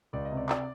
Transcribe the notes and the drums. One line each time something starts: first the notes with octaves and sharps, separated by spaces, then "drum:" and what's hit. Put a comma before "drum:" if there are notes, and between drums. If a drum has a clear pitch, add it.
C#2 D5
D#5
C3
D5
D5, drum: clap